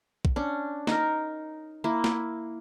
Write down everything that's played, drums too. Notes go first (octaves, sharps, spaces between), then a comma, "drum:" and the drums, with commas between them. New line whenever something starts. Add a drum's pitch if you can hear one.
drum: kick
C#4 D4
D#4 A#4, drum: snare
A#3 E4
drum: snare